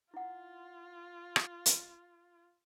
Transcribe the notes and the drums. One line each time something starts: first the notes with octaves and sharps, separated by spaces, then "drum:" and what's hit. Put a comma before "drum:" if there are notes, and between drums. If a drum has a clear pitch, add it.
E4 F4 F#5
drum: rim click
drum: hi-hat